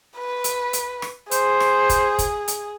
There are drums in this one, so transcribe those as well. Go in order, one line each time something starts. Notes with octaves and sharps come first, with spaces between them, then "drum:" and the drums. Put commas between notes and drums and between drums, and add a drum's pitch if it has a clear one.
B4
drum: hi-hat
drum: hi-hat
drum: rim click
G#4 C5, drum: hi-hat
drum: rim click
drum: kick, hi-hat
drum: kick, hi-hat
drum: hi-hat